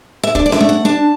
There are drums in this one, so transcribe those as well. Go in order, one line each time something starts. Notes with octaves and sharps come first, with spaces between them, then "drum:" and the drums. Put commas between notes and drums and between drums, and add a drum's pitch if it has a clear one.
E5
D4 D5, drum: kick
D5
E5, drum: snare C#4
A3
F#5
D4 A5